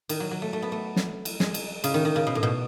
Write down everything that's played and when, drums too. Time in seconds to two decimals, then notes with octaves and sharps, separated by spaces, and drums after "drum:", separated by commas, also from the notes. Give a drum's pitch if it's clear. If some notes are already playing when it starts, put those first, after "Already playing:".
0.09 D#3, drum: cymbal
0.20 F#3
0.31 F#3
0.42 A3
0.53 A3
0.62 B3
0.72 A3
0.96 drum: snare
1.25 drum: cymbal
1.40 G#3, drum: snare
1.54 drum: cymbal
1.84 C#3, drum: cymbal
1.94 D#3
2.05 D#3
2.16 C#3
2.27 B2
2.35 A2
2.43 B2